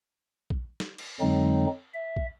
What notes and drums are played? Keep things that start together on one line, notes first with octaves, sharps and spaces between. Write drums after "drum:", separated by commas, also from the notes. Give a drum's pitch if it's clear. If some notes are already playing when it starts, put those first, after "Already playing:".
drum: kick
drum: snare
drum: cymbal
F2 D3 F#3 G#3 C4 D#4
E5
drum: kick